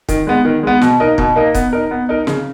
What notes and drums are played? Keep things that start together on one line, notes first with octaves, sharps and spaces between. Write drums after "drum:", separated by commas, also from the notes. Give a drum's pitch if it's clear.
D#3, drum: kick, hi-hat
G#3 B3
D#3
G#3 B3
B2, drum: snare
A#3 D#4 A#4 D#5
B2, drum: kick
A#3 D#4 A#4 D#5
B3, drum: kick, hi-hat
D#4 A#4
B3
D#4 A#4
C#3, drum: snare